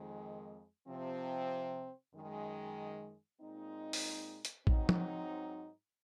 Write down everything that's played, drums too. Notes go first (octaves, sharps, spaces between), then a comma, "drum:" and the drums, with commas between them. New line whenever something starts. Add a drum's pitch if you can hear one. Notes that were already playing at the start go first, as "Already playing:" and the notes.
Already playing: F2 D#3 G#3
C3 F3 C4
F#2 D#3 G#3
A#2 G#3 C4 D#4
drum: open hi-hat
drum: hi-hat
G#2 F#3 C4 D#4, drum: kick A1
drum: tom